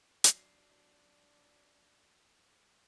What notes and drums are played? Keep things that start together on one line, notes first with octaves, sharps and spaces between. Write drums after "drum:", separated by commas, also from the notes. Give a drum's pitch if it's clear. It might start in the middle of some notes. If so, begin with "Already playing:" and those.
F#3 D4 C7, drum: hi-hat